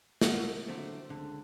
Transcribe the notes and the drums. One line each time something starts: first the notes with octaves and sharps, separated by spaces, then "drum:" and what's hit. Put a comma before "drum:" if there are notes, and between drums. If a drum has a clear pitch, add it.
A#4 F#5, drum: snare
D3 F#3 A3 C4
C#2 D3